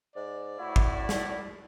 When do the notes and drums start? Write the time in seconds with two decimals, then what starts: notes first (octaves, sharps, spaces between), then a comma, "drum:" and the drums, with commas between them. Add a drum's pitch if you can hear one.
0.16 G#2 D5
0.59 A2 E4 F#4
0.76 drum: kick
1.09 drum: snare